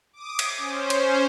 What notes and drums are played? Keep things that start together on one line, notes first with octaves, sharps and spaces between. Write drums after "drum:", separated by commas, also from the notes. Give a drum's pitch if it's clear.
D6 D#6
drum: cymbal
C#4 C5
drum: cymbal